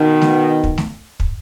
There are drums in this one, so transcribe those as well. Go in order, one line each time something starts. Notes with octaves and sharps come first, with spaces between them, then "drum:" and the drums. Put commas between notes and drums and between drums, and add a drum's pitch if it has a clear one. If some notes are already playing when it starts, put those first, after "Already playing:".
Already playing: B2 D#3
drum: snare A3
drum: kick
drum: snare A3
drum: kick